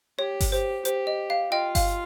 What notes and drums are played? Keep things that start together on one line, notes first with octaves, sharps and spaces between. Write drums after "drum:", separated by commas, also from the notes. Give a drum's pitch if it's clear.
G4 C#5
drum: kick G1, open hi-hat
G4 C5
G4 C5, drum: hi-hat
D#5
F5
F4 D#5 G5
F5, drum: kick G1, open hi-hat